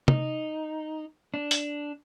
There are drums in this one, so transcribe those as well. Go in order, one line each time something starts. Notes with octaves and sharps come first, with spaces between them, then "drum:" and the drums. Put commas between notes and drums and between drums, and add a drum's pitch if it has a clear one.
D#4, drum: tom
D4
drum: hi-hat